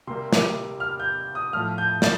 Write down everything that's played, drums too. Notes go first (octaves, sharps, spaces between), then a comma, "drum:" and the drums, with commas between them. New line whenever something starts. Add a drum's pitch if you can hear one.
C3 G3 A#3 C6
D6, drum: snare
F6
G6
D#6
A2 F3 A3 F6
G6
A6, drum: snare